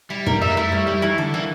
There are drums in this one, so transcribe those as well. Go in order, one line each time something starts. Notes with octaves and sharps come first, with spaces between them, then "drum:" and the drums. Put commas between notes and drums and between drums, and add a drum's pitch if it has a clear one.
G3 E4
A#4, drum: tom
G3 E5
A#3
A3 E4
G3 C#5
G3 E4
E3 E4
D3 A4
E3 A#3